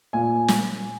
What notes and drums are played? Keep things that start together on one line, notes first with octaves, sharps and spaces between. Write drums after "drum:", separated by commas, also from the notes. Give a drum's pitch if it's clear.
A#2 G#5
drum: snare